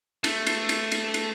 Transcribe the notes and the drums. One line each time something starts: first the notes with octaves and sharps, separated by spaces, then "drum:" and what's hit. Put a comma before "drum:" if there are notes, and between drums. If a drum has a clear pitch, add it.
A3, drum: cymbal
drum: cymbal
drum: cymbal
drum: cymbal
drum: cymbal